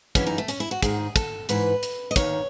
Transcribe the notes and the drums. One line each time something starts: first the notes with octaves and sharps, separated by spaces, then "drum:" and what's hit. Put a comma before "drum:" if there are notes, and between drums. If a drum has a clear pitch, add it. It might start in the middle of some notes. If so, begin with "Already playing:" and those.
F#2 C#3 E3 C#4, drum: kick, hi-hat
D#4
A3
C#4, drum: hi-hat
E4
F#4
G#2 D#3 G#4, drum: kick, hi-hat
A4, drum: kick, hi-hat
G#2 E3 B4, drum: hi-hat
drum: hi-hat
D#5
D#2 D#3 C#5, drum: kick, hi-hat